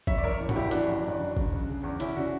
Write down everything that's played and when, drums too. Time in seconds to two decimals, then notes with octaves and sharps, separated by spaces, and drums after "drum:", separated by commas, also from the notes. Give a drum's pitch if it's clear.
0.07 F#1 C#5 E5, drum: kick G1
0.18 D5
0.24 F#1 A#4 C#5
0.40 E3
0.49 F#4, drum: tom G#2
0.56 F#1 E4 G4
0.71 E3 D4 F#4, drum: hi-hat
0.88 F#1
1.04 F#1
1.20 F#1
1.37 C#3, drum: kick G1
1.52 C#3
1.68 C#3
1.84 E2
2.00 C#3 C#4 E4, drum: hi-hat
2.16 C#3 D4 F#4